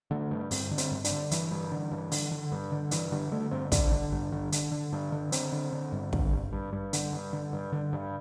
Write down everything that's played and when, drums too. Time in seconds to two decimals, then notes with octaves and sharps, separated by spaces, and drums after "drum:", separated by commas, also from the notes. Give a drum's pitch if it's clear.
0.11 D3 A3
0.31 G2
0.51 G2 C4, drum: open hi-hat
0.71 D3
0.78 C4, drum: hi-hat
0.91 G2
1.04 D4, drum: hi-hat
1.11 D3
1.31 G2 E3, drum: hi-hat
1.51 G2
1.72 D3
1.92 G2
2.12 D3, drum: open hi-hat
2.31 D3
2.52 G2
2.72 D3
2.91 G2 E3, drum: hi-hat
3.12 D3 G3
3.32 D3 A3
3.51 G2 C4
3.72 D3 D4, drum: kick, hi-hat
3.92 D3
4.12 G2
4.32 D3
4.52 D3, drum: hi-hat
4.72 D3
4.93 G2
5.12 D3
5.32 D3 C4, drum: hi-hat
5.52 D3
5.73 D3
5.92 G2
6.13 D3, drum: kick
6.33 G2
6.53 G2
6.73 G2
6.93 D3, drum: hi-hat
7.13 G2
7.33 D3
7.53 G2
7.72 D3
7.93 G2